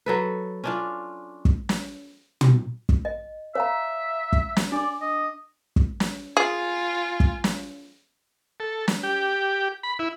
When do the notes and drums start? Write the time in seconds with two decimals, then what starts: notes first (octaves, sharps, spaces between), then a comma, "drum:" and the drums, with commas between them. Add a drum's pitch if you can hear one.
0.06 F#3 A4 B4
0.64 C#4 D4 F4
1.45 drum: kick
1.69 drum: snare
2.41 drum: tom
2.89 drum: kick
3.05 D#5
3.55 C#5 E5 F5 A#5
4.33 drum: kick
4.56 drum: snare
4.72 D4 D5 D6
5.02 D#5
5.76 drum: kick
6.00 drum: snare
6.37 F4 G#4 G#5
7.20 drum: kick
7.44 drum: snare
8.60 A4
8.88 drum: snare
9.03 G4
9.83 B5
9.99 E4